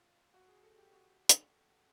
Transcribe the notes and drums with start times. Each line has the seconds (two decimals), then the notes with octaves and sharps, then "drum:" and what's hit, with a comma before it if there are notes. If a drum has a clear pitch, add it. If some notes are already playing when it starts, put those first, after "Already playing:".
Already playing: F4
0.34 F#4
0.48 G#4
0.63 A4
0.78 G4
0.93 F#4
1.29 drum: hi-hat